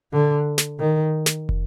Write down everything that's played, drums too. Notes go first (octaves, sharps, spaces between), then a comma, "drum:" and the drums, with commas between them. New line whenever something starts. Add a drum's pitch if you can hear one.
D3
drum: snare
D#3
drum: snare
drum: kick